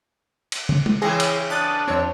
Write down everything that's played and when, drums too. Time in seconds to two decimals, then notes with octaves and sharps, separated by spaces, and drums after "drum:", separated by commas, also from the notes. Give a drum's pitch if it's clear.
0.52 drum: cymbal
0.69 drum: tom
0.86 drum: tom
1.02 C#3 E3 C4 G#4 A#6
1.20 drum: cymbal
1.50 D4 D#6 F#6 A6
1.88 F2 C4 C#5